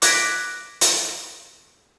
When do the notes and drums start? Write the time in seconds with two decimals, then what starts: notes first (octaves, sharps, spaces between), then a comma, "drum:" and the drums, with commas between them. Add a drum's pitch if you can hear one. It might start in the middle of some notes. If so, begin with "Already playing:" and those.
0.02 D6 F#6 G#6 A#6 B6 D7, drum: hi-hat
0.81 drum: hi-hat